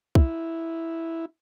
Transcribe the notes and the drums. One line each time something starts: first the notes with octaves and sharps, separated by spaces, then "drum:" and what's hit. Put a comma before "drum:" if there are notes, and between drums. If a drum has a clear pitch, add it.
E4, drum: kick